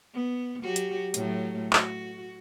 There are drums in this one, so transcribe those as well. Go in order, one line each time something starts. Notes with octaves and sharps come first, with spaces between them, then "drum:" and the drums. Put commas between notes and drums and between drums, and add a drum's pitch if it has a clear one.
B3
F#3 F#4 G4
drum: hi-hat
A2 F#3 A3, drum: hi-hat
F#4, drum: clap